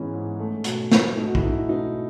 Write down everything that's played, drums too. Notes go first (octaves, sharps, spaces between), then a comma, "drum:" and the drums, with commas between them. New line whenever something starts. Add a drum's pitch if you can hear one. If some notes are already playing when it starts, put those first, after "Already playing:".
Already playing: G#2 E3 G#3 B3 C#4 D#4
G#2
A3
B2, drum: hi-hat
B2, drum: snare
A3 D#4
F#4
E4, drum: kick
A3 D#4
B2 D#4